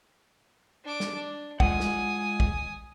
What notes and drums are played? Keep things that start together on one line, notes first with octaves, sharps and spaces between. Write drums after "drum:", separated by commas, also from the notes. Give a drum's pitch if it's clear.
D4 D6
drum: snare
D4
G#3 F4 F#5 G#5 D#6, drum: kick
drum: snare
drum: kick